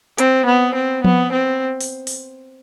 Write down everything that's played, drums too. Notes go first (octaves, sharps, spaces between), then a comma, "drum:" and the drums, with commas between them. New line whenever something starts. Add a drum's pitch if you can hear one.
C4, drum: hi-hat
B3
C4
B3, drum: tom F3
C4
drum: open hi-hat
drum: open hi-hat